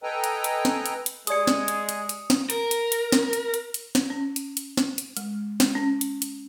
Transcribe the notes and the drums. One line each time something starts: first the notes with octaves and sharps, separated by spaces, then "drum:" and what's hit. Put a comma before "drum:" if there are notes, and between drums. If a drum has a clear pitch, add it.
A4 B4 D#5 G5 G#5 A#5
drum: hi-hat
drum: hi-hat
drum: snare
drum: hi-hat
drum: hi-hat
G#3 G4 G#4 D5 D#6 C#7, drum: hi-hat
drum: snare
drum: hi-hat
drum: hi-hat
drum: hi-hat
drum: snare
A#4, drum: hi-hat
drum: hi-hat
drum: hi-hat
drum: snare
drum: hi-hat
drum: hi-hat
drum: hi-hat
drum: snare
C#4
drum: hi-hat
drum: hi-hat
drum: snare
drum: hi-hat
G#3, drum: hi-hat
drum: snare
C#4
drum: hi-hat
drum: hi-hat